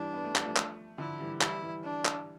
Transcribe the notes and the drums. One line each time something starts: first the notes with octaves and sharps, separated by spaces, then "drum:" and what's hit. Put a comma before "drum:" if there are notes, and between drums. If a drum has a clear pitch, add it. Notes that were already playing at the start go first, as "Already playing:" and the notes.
Already playing: E3 G3 D4
B3
A3
G3, drum: clap
F3 A3
drum: clap
D3 F3 E4
E3 G3
E3 G3 E4, drum: clap
E3 G3
D4
drum: clap